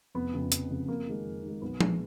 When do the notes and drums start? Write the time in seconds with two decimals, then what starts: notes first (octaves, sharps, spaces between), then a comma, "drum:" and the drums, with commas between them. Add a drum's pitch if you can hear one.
0.15 F1 B3
0.33 F2 C#3
0.52 F1, drum: hi-hat
0.70 F2 C#3
0.88 F2 A#3
1.07 D#3 G#3
1.26 F2
1.43 D#3 G#3
1.62 B1 B3
1.81 A#2 G#3, drum: tom F3